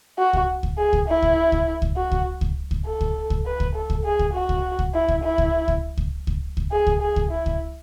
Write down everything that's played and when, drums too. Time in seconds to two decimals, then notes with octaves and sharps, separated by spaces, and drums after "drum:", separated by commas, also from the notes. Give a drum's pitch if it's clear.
0.18 F#4
0.33 drum: kick C#2
0.63 drum: kick C#2
0.78 G#4
0.93 drum: kick C#2
1.08 E4
1.22 drum: kick C#2
1.52 drum: kick C#2
1.82 drum: kick C#2
1.97 F#4
2.12 drum: kick C#2
2.41 drum: kick C#2
2.71 drum: kick C#2
2.86 A4
3.01 drum: kick C#2
3.30 drum: kick C#2
3.46 B4
3.60 drum: kick C#2
3.75 A4
3.90 drum: kick C#2
4.05 G#4
4.19 drum: kick C#2
4.34 F#4
4.49 drum: kick C#2
4.79 drum: kick C#2
4.94 E4
5.08 drum: kick C#2
5.23 E4
5.38 drum: kick C#2
5.68 drum: kick C#2
5.98 drum: kick C#2
6.27 drum: kick C#2
6.57 drum: kick C#2
6.72 G#4
6.87 drum: kick C#2
7.01 G#4
7.16 drum: kick C#2
7.31 E4
7.46 drum: kick C#2